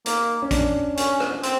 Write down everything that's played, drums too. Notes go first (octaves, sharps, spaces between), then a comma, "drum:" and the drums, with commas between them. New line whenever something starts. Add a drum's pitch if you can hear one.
A#3 D#4, drum: hi-hat
C#4
D4, drum: kick, hi-hat
C#4, drum: hi-hat
drum: rim click
C4, drum: hi-hat